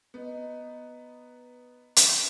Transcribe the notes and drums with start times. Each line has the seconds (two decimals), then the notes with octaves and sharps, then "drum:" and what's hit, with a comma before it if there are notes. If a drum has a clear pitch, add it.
0.14 B3 D#4
1.96 drum: hi-hat